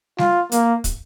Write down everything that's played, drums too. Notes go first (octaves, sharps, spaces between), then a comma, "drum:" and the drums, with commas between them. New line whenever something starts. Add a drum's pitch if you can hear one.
F4, drum: snare G3
A#3, drum: hi-hat
drum: kick, hi-hat